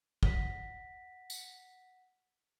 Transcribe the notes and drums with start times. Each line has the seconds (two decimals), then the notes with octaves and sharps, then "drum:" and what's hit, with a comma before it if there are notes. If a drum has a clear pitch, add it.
0.23 F#5 A#6 B6, drum: kick
1.30 drum: tambourine